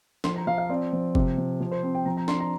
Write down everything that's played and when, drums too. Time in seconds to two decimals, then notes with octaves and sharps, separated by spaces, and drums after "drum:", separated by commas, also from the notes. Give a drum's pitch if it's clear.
0.24 F3 C6, drum: snare
0.36 A#5
0.47 F3 F5
0.58 F5
0.69 C4 D5
0.93 F3
1.15 C3, drum: kick
1.38 F3
1.60 F3
1.71 C5
1.83 C4
1.95 G5
2.06 F3 A#5
2.17 A#5
2.28 D4 C6, drum: snare
2.40 A#5